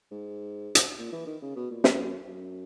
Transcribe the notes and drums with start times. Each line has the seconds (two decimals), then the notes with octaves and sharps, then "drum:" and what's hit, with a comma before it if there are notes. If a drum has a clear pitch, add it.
0.11 G#2
0.75 drum: hi-hat
0.99 A#2
1.12 E3
1.27 D#3
1.42 C#3
1.56 B2
1.70 A#2
1.84 F#2, drum: snare
2.27 F#2